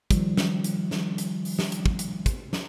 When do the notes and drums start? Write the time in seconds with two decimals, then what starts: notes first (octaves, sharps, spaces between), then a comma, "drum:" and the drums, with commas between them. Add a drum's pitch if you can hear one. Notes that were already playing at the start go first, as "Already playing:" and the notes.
0.11 D#3 F3 G3, drum: kick, hi-hat
0.37 drum: snare
0.64 drum: hi-hat
0.91 drum: snare
1.18 drum: hi-hat
1.45 drum: open hi-hat
1.59 drum: snare
1.72 drum: hi-hat
1.86 drum: kick
1.99 drum: hi-hat
2.26 drum: kick, hi-hat
2.53 drum: snare